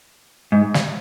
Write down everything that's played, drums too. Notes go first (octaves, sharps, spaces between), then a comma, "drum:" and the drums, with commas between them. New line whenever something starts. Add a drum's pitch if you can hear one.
G#2
drum: snare